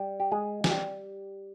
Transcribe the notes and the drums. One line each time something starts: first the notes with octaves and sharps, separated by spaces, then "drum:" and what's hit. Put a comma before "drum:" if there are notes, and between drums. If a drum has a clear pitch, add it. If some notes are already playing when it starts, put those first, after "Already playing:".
Already playing: G3
G4
G#3 G#4
G#4, drum: snare
G3 G4